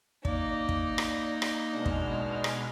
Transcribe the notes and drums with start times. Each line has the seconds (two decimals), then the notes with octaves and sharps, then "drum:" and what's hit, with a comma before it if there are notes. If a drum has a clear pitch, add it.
0.25 A#3 D#4 D5, drum: kick
0.69 drum: kick
0.98 drum: rim click
1.42 drum: rim click
1.73 B2 G#3 D4 F6
1.86 drum: kick
2.44 drum: rim click